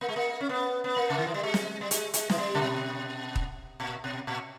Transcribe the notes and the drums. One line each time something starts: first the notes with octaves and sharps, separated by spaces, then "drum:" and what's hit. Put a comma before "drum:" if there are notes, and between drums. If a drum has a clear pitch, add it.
A#3
G#3
A#3
C#4
B3
B3
A#3
C#3
D#3
E3
G3
G#3
drum: snare
G3
G#3, drum: hi-hat
G#3, drum: hi-hat
E3, drum: snare
G3
C#3
B2
drum: kick D#1
A#2
B2
A#2